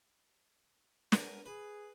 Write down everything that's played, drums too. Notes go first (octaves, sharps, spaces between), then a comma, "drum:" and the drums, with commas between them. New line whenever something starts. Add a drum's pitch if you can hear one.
B3 A#4 G#5, drum: snare
G#4 B4